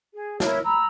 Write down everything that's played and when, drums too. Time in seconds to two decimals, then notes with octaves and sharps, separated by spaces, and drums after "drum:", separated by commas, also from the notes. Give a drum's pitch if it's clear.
0.13 G#4
0.40 E4 A#4 C#5, drum: snare
0.64 A#5 B5 E6